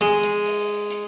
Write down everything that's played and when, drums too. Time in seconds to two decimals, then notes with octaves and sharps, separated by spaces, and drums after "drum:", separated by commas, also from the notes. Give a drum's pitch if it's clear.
0.01 G#3
0.23 drum: hi-hat
0.46 drum: open hi-hat
0.90 drum: hi-hat